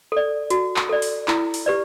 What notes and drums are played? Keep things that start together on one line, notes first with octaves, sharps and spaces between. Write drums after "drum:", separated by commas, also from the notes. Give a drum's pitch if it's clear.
A4 D5
F#4, drum: hi-hat
drum: clap
A4 D5
drum: open hi-hat
E4, drum: clap
drum: open hi-hat
G4 B4 D5